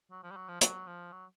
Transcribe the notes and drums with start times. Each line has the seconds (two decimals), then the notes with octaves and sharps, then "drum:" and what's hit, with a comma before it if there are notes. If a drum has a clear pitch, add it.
0.11 F#3
0.23 F3
0.31 G3
0.36 F#3
0.48 F3
0.61 F#3, drum: hi-hat
0.87 F3
1.12 F#3